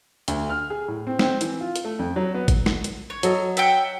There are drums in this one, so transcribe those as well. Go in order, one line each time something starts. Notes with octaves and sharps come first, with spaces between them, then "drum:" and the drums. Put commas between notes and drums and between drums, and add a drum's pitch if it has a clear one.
D2, drum: hi-hat
F6
G#4
A2
C4
C4, drum: snare
E3, drum: hi-hat
F4
drum: hi-hat
A3
F2
F#3
B3
drum: kick G#1, hi-hat
drum: snare
drum: hi-hat
C#5
F#3 A4 D#5, drum: hi-hat
E5 F#5 G5, drum: hi-hat